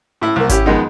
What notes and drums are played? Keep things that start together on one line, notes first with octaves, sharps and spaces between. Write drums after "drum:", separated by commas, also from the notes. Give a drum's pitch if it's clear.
A2 E4
C2 A#3
C#4 E4 G4, drum: kick G#1, hi-hat
F2 D#3 G#3 B3 D#4